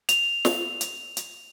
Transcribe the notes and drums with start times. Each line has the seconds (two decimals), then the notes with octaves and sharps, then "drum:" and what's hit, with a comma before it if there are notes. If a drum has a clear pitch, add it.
0.09 F7, drum: hi-hat
0.45 drum: snare
0.81 drum: hi-hat
1.17 drum: hi-hat